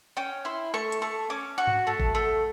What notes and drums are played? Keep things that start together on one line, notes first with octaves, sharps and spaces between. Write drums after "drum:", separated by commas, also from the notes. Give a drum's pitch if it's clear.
C#4 G5
E4 C6
A3 C#6
drum: hi-hat
A3 C#6
C#4 D6
F#4 C#6
drum: tom G2
A3
drum: kick G#1
A3